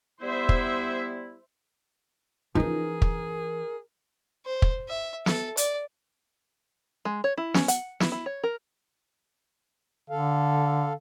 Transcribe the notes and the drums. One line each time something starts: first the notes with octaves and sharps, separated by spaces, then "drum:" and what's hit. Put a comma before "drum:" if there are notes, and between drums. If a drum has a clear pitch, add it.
G3 B3 E4 C5 E5
drum: kick
E3 F3 C#4 D#4 G#4 A#4
drum: kick
C5
drum: kick
E5
A4, drum: snare
D5, drum: hi-hat
G#3
C#5
E4
C#4, drum: snare
F#5, drum: hi-hat
E4, drum: snare
E4
C#5
A#4
D3 A4 F5